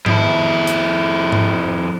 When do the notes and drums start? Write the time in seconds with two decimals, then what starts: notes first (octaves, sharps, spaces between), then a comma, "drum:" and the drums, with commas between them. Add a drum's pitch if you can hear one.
0.06 F2 E4, drum: tom G#2
0.67 drum: hi-hat
1.32 drum: tom G#2